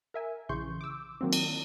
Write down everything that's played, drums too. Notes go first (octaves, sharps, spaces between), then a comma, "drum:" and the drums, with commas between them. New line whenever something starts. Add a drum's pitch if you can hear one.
A#4 E5 G#5
A#1 C#3 E3 C6 C#6 G6
D6 E6
D#3 F#3 A#3 C4
drum: cymbal